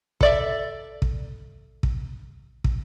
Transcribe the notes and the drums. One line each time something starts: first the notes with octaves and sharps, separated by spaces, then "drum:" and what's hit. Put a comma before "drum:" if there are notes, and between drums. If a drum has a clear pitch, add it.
A4 D5 E5, drum: kick
drum: kick
drum: kick
drum: kick